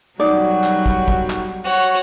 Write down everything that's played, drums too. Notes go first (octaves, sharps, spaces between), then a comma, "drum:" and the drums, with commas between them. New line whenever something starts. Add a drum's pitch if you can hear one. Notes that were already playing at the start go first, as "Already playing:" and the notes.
B1 F#2 F#3 G3 D#4 F#4 D5
drum: clap
drum: kick
drum: kick
drum: clap
F#4 C#5